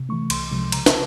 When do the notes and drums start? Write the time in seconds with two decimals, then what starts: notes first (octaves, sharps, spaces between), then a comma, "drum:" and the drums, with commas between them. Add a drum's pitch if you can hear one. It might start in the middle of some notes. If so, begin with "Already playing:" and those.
Already playing: C3
0.09 E3 A3 C#6
0.30 C2 C6, drum: cymbal
0.51 C3 F3 G#3
0.72 C#3 A#5, drum: cymbal
0.86 A5, drum: snare